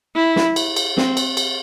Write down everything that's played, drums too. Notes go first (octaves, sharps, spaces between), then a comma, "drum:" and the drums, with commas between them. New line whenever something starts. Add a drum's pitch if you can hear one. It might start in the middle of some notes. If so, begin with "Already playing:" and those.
E4
drum: snare
drum: cymbal
drum: cymbal
C4, drum: snare
drum: cymbal
drum: cymbal